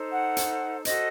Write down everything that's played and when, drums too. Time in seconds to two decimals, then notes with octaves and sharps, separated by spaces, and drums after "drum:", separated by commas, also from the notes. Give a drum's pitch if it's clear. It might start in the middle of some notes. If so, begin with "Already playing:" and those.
Already playing: D#4 A4 C5
0.12 F#5
0.37 drum: hi-hat
0.85 F#4 A4 C5 D#5, drum: hi-hat